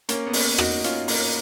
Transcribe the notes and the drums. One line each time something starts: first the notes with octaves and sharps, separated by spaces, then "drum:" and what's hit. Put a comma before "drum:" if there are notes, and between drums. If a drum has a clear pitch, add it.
A#3 C#4, drum: hi-hat
B3
A#3 C#4, drum: open hi-hat
D#4 F#4, drum: rim click
C#4 F4, drum: hi-hat
A#3, drum: open hi-hat